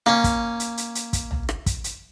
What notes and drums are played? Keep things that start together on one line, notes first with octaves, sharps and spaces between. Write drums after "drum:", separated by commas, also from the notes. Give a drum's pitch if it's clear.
A#3 C#4, drum: rim click
drum: kick, hi-hat
drum: hi-hat
drum: hi-hat
drum: hi-hat
drum: kick, hi-hat
drum: tom
drum: rim click
drum: kick, hi-hat
drum: hi-hat